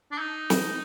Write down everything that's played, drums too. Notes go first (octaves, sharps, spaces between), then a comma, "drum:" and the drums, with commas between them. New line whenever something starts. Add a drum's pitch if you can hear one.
D4
D#4
drum: snare